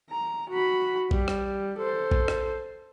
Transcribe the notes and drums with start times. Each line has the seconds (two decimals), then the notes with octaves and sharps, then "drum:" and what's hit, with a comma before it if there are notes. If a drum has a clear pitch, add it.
0.10 A#5
0.50 F#4 B5
1.11 G3, drum: kick A#1
1.28 drum: rim click
1.78 A4 C5
2.11 drum: kick A#1
2.28 drum: rim click